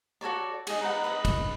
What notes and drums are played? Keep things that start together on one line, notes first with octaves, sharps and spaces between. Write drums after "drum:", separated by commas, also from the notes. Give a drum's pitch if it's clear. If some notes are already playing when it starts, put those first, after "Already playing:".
F#4 A4 C#5 D5
G#4 D#5, drum: cymbal
D#4 B4 F#5
B4 D#5
drum: kick, cymbal